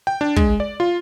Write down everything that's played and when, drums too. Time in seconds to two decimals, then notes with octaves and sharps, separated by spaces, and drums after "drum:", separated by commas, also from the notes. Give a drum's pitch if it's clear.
0.07 G5
0.21 D4
0.36 G#3, drum: kick
0.60 D5
0.80 F4